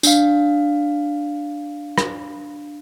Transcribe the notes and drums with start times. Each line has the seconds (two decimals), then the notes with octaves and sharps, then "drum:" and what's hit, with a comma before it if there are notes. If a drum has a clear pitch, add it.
0.03 D4 F5, drum: tambourine
1.98 drum: rim click